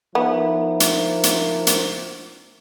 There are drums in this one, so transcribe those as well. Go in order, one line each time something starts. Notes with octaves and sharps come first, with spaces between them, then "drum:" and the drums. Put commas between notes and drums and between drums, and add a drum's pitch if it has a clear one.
F3 B3 D#4 E4 A#4 C5 E5
drum: hi-hat
drum: hi-hat
drum: hi-hat